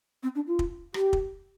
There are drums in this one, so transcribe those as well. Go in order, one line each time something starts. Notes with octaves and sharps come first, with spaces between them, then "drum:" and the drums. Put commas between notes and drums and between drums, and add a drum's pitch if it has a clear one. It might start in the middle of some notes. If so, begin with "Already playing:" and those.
C4
D4
F4
drum: kick
G4, drum: rim click
drum: kick